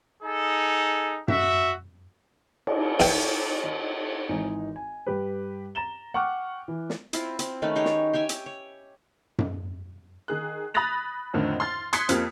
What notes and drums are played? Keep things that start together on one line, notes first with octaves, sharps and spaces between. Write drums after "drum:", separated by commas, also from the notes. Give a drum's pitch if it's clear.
D#4 G#4 A4
F#4 E5, drum: tom F#2
drum: cymbal
E2 G5, drum: open hi-hat
G#1 E3 D#4 G#5
G#5
G2 G4 B4
A#5 A6 E7 G7
F#5 G5 C#6 D6 F6 F#6
E3
drum: snare
C4 E4 F4, drum: hi-hat
C4, drum: hi-hat
D#3 A3 C#4 B4
D#4 G4 G#4 C#5
drum: snare
G4 C#5 E5 G#5
drum: hi-hat
C#5
drum: tom F#2
D#3 G#4 F#6
B5 D#6 F#6 A6 A#6 F7
F2 A2 D3 D#3
C6 F6 A6
C6 D#6 F#6 G#6 B6 C#7, drum: hi-hat
F2 A#3 C4 F4 G4 F6, drum: hi-hat